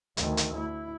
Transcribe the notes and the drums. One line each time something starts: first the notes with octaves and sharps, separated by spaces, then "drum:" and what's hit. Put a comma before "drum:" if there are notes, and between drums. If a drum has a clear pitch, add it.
D2 D#3, drum: hi-hat
drum: hi-hat
E4